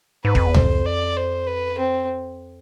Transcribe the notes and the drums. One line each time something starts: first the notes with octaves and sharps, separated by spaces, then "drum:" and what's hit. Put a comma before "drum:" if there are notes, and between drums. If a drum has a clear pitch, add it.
G#2 B4
F2, drum: kick
E2
F2 C5, drum: tom C#2
D5
C5
B4
C4